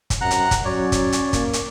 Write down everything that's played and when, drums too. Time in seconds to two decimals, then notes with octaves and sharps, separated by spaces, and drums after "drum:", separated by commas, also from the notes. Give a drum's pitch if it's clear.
0.10 drum: kick, hi-hat
0.21 F#2 C3 F#5 A#5 F#6
0.31 drum: hi-hat
0.51 drum: kick, hi-hat
0.65 F#3 C#4 C#5 D5
0.92 drum: kick, hi-hat
1.12 drum: hi-hat
1.33 A#3, drum: kick, hi-hat
1.53 drum: hi-hat